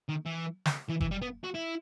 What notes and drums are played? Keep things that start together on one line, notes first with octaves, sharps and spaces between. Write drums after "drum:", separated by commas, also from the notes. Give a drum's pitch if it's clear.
D#3
E3
drum: snare
E3
E3, drum: kick F#1
G3
B3
F#4
E4